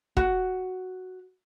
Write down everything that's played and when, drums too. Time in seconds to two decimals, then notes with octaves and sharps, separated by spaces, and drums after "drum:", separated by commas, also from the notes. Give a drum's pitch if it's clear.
0.17 F#4, drum: kick